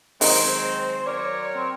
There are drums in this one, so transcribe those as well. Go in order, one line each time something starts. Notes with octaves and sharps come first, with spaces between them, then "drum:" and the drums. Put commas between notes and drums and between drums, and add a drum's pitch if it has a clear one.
D#3 F#3 G#3 C4 D#4 C5, drum: open hi-hat
F#3 A#4 C#5 D5
C4